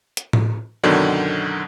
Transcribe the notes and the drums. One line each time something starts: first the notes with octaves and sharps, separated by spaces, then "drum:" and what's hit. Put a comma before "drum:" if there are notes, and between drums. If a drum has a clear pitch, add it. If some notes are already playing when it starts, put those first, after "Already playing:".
drum: hi-hat
drum: tom A2
F#2 B2 D3 D#3 F#3